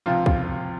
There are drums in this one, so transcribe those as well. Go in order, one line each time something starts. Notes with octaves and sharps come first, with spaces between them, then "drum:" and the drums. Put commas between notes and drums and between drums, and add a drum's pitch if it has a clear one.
C#2 C3 F3 C4 F4
drum: kick